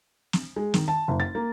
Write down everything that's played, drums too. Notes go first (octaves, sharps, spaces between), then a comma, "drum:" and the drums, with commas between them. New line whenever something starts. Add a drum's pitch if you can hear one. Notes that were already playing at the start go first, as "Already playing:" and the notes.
drum: snare
G#3
D#3, drum: snare
A5
F#1
A6
A#3